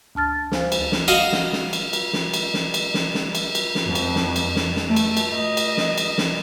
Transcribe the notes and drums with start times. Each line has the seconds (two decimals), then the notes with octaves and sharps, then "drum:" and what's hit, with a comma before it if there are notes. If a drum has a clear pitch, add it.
0.15 D2 A5 F6 A6
0.52 C5 F5 G#5, drum: snare
0.72 drum: cymbal
0.92 drum: snare
1.08 F#4 D#5 F5
1.32 drum: snare
1.53 drum: snare
1.73 drum: cymbal
1.93 drum: cymbal
2.13 drum: snare
2.34 drum: cymbal
2.54 drum: snare
2.74 drum: cymbal
2.94 drum: snare
3.14 drum: snare
3.35 drum: cymbal
3.55 drum: cymbal
3.75 drum: snare
3.86 F2
3.95 drum: cymbal
4.16 drum: snare
4.36 drum: cymbal
4.56 drum: snare
4.76 drum: snare
4.87 A3
4.96 drum: cymbal
5.17 drum: cymbal
5.33 D#5
5.57 drum: cymbal
5.77 drum: snare
5.98 drum: cymbal
6.18 drum: snare